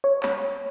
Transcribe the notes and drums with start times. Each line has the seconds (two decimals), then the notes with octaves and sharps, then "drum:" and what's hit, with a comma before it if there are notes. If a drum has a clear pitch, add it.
0.04 C#5
0.23 drum: clap